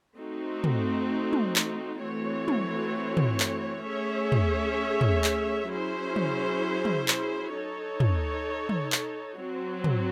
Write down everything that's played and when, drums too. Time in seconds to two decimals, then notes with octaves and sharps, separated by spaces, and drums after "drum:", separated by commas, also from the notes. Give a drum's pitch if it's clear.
0.18 A3 C4 D#4 F#4
0.64 drum: tom
1.33 drum: tom
1.56 drum: clap
2.02 E3 A3 C4 F#4 C#5
2.48 drum: tom
3.17 drum: tom
3.40 drum: clap
3.86 A3 C#4 G#4 C#5 E5
4.32 drum: tom
5.01 drum: tom
5.24 drum: clap
5.69 F#3 C#4 E4 G#4 C5
6.16 drum: tom
6.85 drum: tom
7.08 drum: clap
7.54 D#4 A4 C#5
8.00 drum: tom
8.69 drum: tom
8.92 drum: clap
9.38 F#3 C4 F#4
9.84 drum: tom